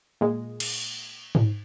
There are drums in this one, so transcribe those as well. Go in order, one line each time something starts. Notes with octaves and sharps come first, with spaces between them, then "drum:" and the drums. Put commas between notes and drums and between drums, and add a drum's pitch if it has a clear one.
A#2 G#3
drum: cymbal
drum: tom G#2